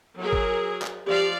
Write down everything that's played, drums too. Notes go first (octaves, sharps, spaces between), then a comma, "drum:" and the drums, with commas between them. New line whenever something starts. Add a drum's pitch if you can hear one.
F#3 G#4 A#4
drum: kick G#1
drum: clap
F3 G4 D5 F5